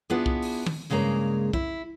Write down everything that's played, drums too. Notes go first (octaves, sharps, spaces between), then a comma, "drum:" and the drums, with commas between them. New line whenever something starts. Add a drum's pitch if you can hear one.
B3 D4 E4 F4 G#4
drum: kick
drum: open hi-hat
drum: tom
G2 C#3 G#3 A#3 A#5
E4, drum: kick